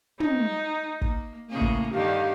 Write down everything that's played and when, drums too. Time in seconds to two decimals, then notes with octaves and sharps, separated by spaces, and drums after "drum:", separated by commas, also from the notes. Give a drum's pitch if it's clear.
0.20 D#4, drum: tom
1.01 A#3, drum: kick
1.50 A2 C#3 A#3 G#4
1.61 drum: kick
1.93 G2 D3 D#3 G4 F5